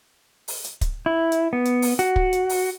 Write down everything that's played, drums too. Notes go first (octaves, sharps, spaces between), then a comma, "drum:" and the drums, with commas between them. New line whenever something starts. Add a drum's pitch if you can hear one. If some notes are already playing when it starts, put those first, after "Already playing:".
drum: open hi-hat
drum: hi-hat
drum: kick, hi-hat
E4
drum: hi-hat
B3
drum: hi-hat
drum: open hi-hat
F#4, drum: hi-hat
drum: kick
drum: hi-hat
drum: open hi-hat